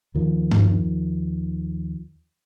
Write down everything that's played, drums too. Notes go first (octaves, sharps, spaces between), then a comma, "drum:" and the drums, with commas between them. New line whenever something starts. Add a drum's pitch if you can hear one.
D#2 D#3 F3
drum: tom G2